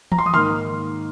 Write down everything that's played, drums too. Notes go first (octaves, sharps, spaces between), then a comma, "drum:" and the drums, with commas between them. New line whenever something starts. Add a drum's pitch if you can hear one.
A#5, drum: tom E3
C6
D#6
G#2 D#3 A#3 C6 F6